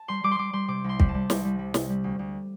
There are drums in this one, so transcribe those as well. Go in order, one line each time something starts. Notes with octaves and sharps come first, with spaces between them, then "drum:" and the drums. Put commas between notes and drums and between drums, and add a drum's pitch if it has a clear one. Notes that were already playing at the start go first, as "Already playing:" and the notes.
Already playing: A5
G3 C6
G3 D6
C6
G3 D6
G3 C6
C3 D6
C2 C6
G3, drum: kick
A5
G3
C2, drum: snare
G3
G3
C3, drum: snare
G3
D2
D2